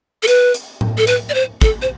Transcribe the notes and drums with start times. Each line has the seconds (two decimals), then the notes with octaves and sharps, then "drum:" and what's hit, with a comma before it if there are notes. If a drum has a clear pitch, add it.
0.23 A4
0.27 B4, drum: hi-hat
0.54 drum: hi-hat
0.81 drum: tom A2
0.98 A4
1.07 B4, drum: hi-hat
1.29 D5
1.34 C5
1.61 A4, drum: kick, hi-hat
1.82 C5